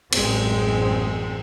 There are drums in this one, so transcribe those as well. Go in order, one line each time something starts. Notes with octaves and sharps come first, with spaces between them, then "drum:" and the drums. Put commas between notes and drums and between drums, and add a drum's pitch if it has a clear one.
A1 F#2 G#3 C4, drum: cymbal